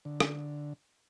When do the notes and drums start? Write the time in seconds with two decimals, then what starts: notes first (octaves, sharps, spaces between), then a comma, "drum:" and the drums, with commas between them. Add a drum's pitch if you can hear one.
0.05 D3
0.20 drum: rim click